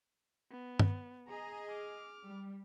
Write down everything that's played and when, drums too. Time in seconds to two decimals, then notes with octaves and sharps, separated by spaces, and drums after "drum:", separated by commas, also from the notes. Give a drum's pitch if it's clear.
0.51 B3
0.79 drum: tom G2
1.28 G#4 D#5 A#5
1.71 D6 F6
2.26 G3